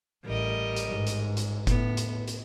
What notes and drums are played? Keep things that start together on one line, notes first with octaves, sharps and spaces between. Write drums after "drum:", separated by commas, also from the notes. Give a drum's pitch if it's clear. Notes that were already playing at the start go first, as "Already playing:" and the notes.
A1 G3 A#4 D#5
drum: hi-hat
G#2
drum: hi-hat
drum: hi-hat
A2 B3, drum: kick F#1, hi-hat
drum: hi-hat
drum: hi-hat